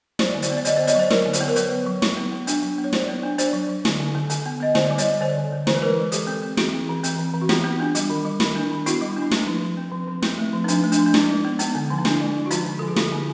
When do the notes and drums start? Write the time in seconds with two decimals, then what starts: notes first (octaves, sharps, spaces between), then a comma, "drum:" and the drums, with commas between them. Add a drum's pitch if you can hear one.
0.19 F#3 C5 D5, drum: snare
0.35 D3
0.42 C5 D5, drum: hi-hat
0.50 B3
0.57 D5
0.65 D3 C#5 D#5, drum: hi-hat
0.76 B3 C5 D5
0.87 C#5 D#5, drum: hi-hat
0.95 F#3 C5 D5
1.10 F#3 A#4 C5, drum: snare
1.26 D3
1.33 C5, drum: hi-hat
1.41 B3 C#5
1.48 A#4 C5
1.56 F#3 B4 C#5, drum: hi-hat
1.72 B3
1.86 F#3
2.02 F#3, drum: snare
2.17 B3
2.32 B3
2.47 D4, drum: hi-hat
2.62 F#3
2.78 B3
2.84 C#5
2.93 F#3 C5 D5, drum: snare
3.09 B3
3.23 D4
3.38 D4 C5 D5, drum: hi-hat
3.53 F#3
3.69 F#3
3.85 D3, drum: snare
4.00 D3
4.15 D3
4.30 D3, drum: hi-hat
4.46 B3
4.60 B3 D#5
4.75 D3 C5 D5, drum: snare
4.91 G3
4.98 C#5 D#5, drum: hi-hat
5.05 G3
5.21 D3 C5 D5
5.37 D3
5.52 D3
5.67 E3 C5, drum: snare
5.75 B4
5.82 G#3 A#4 C5
5.98 G#3
6.12 G#3 G4 A4, drum: hi-hat
6.27 C4
6.42 C4
6.57 E3 F#4 G#4, drum: snare
6.73 C4
6.89 E3
7.04 C4, drum: hi-hat
7.19 E3
7.34 E3
7.41 F#4
7.49 B3 F4 G4, drum: snare
7.64 B3
7.80 D4
7.95 G3, drum: hi-hat
8.10 D#3
8.25 G3
8.40 D#3, drum: snare
8.56 D4
8.71 D#3
8.86 B3 E4 F#4, drum: hi-hat
9.01 G3
9.16 D4
9.22 E4
9.31 A3 D#4, drum: snare
9.47 F3
9.62 F3
9.77 C4
9.92 F3
10.07 F3
10.22 C4, drum: snare
10.38 A3
10.53 F3
10.64 D#4
10.68 F3 D4, drum: hi-hat
10.84 A3
10.92 D4, drum: hi-hat
10.99 F3
11.06 D4
11.14 G#3 D#4, drum: snare
11.30 G#3
11.45 B3
11.59 B3 D#4, drum: hi-hat
11.75 D3
11.90 F3
11.98 D#4
12.05 D3 D4 E4, drum: snare
12.21 G#3
12.36 G#3
12.46 F#4
12.51 F3 D#4 F4, drum: hi-hat
12.66 D3
12.79 F3 A4
12.88 G#4
12.96 D3 F4 G4, drum: snare
13.12 D3